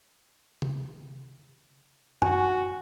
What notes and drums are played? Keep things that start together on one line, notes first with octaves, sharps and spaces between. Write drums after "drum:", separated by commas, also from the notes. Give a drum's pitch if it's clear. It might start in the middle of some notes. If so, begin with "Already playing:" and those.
drum: tom C3
F#4 G#5, drum: tom F#2